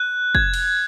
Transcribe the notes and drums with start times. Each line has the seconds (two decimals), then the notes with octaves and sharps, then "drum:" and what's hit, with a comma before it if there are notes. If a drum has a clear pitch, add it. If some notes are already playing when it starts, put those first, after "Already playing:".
Already playing: F#6
0.35 G#6, drum: kick
0.54 drum: cymbal